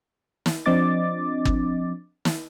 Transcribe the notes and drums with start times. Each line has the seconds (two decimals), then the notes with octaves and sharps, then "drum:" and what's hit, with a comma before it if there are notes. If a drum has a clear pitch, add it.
0.46 drum: snare
0.66 F3 C4 D4 D#5 D6 A6
1.45 drum: kick
2.25 drum: snare